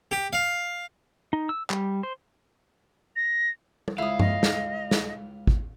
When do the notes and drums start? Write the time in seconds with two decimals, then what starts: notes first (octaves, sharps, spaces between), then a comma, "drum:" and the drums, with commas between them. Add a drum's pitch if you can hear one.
0.11 G4
0.33 F5
1.33 D#4
1.49 E6
1.70 G3, drum: clap
2.03 C5
3.16 A#6
3.88 drum: tom G3
3.98 C#2 E4 F5 D#6
4.19 D#5, drum: tom G2
4.43 drum: snare
4.91 drum: snare
5.47 drum: kick